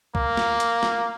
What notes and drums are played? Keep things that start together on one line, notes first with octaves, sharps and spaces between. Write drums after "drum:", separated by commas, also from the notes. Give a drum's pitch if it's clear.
A#3, drum: kick C#2
drum: snare
drum: hi-hat
drum: snare